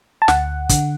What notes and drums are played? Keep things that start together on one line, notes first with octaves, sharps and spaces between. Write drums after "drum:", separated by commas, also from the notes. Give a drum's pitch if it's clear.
A5
D2 F#5, drum: snare
D3, drum: kick, hi-hat